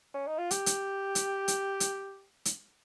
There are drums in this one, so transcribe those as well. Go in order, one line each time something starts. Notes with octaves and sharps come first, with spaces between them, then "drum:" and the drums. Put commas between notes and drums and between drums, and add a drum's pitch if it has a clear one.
C#4
D#4
F4
G4, drum: hi-hat
drum: hi-hat
drum: hi-hat
drum: hi-hat
drum: hi-hat
drum: hi-hat